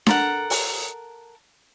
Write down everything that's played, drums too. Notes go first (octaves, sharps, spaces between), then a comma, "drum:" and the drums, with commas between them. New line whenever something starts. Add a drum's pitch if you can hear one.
A4 A#4 F#5, drum: snare D4
drum: open hi-hat